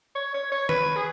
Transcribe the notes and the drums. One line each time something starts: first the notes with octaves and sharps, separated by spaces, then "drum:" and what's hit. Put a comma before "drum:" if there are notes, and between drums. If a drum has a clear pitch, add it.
C#5
C#5
C#5
B4, drum: tom D#3
G#4